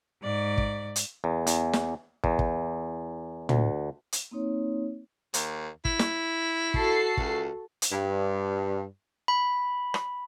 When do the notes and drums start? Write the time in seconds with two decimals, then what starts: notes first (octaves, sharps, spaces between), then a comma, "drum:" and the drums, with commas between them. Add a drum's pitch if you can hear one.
0.22 G#2 D5
0.58 drum: kick
0.96 drum: hi-hat
1.24 E2
1.47 E2, drum: hi-hat
1.73 drum: snare
2.24 E2, drum: kick
2.39 drum: kick
3.49 D2, drum: tom
4.12 drum: hi-hat
4.31 A#3 C4 D#4 C#5
5.34 D#2, drum: hi-hat
5.85 E4, drum: kick
5.99 drum: snare
6.74 F#4 A4 C7, drum: kick
7.17 C#2, drum: kick
7.82 drum: hi-hat
7.93 G2
9.28 B5
9.94 drum: rim click